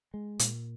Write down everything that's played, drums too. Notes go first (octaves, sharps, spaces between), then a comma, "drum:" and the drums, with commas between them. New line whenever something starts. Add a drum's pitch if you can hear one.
G#3
A#2, drum: hi-hat